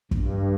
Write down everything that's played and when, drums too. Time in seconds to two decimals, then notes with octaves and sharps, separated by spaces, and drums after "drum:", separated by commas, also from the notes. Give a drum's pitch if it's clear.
0.11 G2, drum: kick